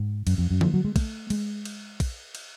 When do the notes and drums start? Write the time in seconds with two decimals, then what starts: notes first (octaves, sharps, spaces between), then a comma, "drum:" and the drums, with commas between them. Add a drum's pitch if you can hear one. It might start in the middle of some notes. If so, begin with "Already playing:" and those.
Already playing: G#2
0.27 F#2, drum: cymbal
0.38 F2
0.51 F#2
0.61 F3, drum: tom D3
0.74 F#3
0.85 G#3
0.96 A3, drum: kick, cymbal
1.30 G#3, drum: cymbal
1.65 drum: cymbal
2.00 drum: kick, cymbal
2.35 drum: cymbal